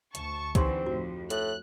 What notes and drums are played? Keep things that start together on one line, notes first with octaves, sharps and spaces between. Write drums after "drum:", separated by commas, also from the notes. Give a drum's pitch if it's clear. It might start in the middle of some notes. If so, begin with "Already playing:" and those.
D2 A5 C#6, drum: hi-hat
D3 E3 C4 D#4 G4 C6, drum: kick C#2, hi-hat
F2 A2 F#4
A2 F#6, drum: hi-hat